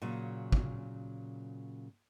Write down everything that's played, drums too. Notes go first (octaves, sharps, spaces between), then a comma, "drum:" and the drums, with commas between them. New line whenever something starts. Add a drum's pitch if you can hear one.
A#2 C#3 F#3
drum: kick